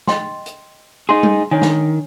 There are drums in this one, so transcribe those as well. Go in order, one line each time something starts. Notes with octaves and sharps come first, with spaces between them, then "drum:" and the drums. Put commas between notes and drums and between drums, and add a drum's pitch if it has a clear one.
D#5 G5 C6, drum: snare
drum: hi-hat
D#4 G#4 C6
drum: tom G3
D#3 D4 C#5 G#5
drum: snare